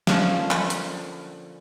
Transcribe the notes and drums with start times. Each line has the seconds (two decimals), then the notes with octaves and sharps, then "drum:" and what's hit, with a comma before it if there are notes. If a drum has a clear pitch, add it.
0.07 D3 F3 A#3 C#4, drum: snare
0.51 drum: clap
0.70 drum: hi-hat